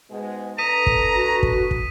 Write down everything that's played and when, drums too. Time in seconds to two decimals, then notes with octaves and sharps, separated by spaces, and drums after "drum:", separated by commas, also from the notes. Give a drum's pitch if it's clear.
0.10 G#2 B2 G#3
0.58 D3 A4 B4 A#5 D#6 B6 D#7
0.87 drum: kick
1.15 F#4
1.43 drum: kick
1.71 drum: kick